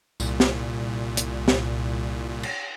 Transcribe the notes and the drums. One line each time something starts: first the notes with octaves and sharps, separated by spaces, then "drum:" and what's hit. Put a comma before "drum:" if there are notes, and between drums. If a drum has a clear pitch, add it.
C2 A#2, drum: tambourine
drum: snare
drum: hi-hat
drum: snare
drum: cymbal